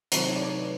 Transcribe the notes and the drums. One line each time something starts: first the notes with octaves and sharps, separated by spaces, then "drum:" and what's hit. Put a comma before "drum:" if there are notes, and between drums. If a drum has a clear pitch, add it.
C3 D#3 F#3 A3 C5, drum: hi-hat
C#5
D5
C#5
B4